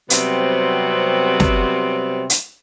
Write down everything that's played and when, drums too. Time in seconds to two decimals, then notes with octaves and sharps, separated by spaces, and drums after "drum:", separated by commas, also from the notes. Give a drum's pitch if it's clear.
0.10 C3 F#3 G3 B3 C4, drum: hi-hat
1.40 drum: snare
2.30 drum: hi-hat